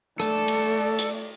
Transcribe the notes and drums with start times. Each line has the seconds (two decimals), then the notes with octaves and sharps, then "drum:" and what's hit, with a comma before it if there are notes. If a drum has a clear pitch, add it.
0.20 A3 A4 D5, drum: rim click
0.48 drum: cymbal
0.99 drum: hi-hat